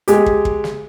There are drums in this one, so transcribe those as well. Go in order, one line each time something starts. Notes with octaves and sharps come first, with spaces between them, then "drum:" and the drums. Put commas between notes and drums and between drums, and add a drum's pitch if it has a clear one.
G#3 G4, drum: hi-hat
drum: kick
drum: kick
drum: snare